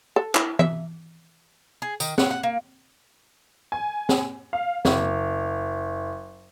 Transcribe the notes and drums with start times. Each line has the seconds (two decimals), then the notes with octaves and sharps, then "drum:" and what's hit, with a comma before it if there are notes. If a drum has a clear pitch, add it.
0.16 A4
0.35 E4, drum: clap
0.59 E5, drum: tom E3
1.82 G#4
2.00 D#3, drum: tambourine
2.18 F#5, drum: snare
2.31 F#5
2.43 A#3
3.72 G#5
4.09 drum: snare
4.53 F5
4.85 F#1, drum: snare